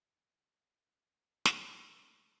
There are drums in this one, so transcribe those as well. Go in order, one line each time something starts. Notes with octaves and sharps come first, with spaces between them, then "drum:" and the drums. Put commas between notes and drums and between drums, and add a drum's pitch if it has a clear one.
G3 A3 C4, drum: snare